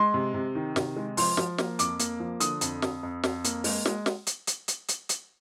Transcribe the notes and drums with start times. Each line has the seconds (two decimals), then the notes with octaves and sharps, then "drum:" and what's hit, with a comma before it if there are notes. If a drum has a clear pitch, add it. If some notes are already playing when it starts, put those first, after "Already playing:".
Already playing: G#3 C6
0.14 C3
0.34 C3
0.55 D#3
0.76 C3, drum: snare
0.96 G#3
1.17 F3 C6, drum: open hi-hat
1.37 F3, drum: snare
1.58 A#3, drum: snare
1.79 F2 D6, drum: hi-hat
1.99 A#3, drum: hi-hat
2.20 F3
2.40 D3 D#6, drum: hi-hat
2.61 F2, drum: hi-hat
2.82 F2, drum: snare
3.03 F2
3.23 F2, drum: snare
3.44 A#3, drum: hi-hat
3.64 G#3, drum: open hi-hat
3.86 G#3, drum: snare
4.06 drum: snare
4.27 drum: hi-hat
4.47 drum: hi-hat
4.68 drum: hi-hat
4.88 drum: hi-hat
5.09 drum: hi-hat